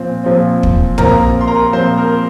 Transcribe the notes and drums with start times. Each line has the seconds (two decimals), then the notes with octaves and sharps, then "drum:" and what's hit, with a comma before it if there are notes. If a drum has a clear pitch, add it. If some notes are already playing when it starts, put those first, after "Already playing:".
Already playing: A#2 F3 C4
0.24 A#2 F3 C4
0.63 drum: kick
0.98 A#2 F3 C4 A#4 A#5, drum: tom
1.41 C6
1.47 A#4 A#5
1.73 A#2 F3 C4 C5 C6
1.97 A#4 A#5